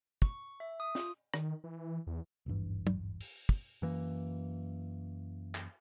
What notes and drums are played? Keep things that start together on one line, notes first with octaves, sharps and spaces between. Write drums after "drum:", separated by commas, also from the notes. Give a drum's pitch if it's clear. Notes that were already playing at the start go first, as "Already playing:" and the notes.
C#6, drum: kick
E5
D#6
F4, drum: snare
D#3, drum: rim click
E3
E2
D#1 G#1 G2 E3
drum: tom
drum: open hi-hat
drum: kick
F#2 E3 A#3
drum: clap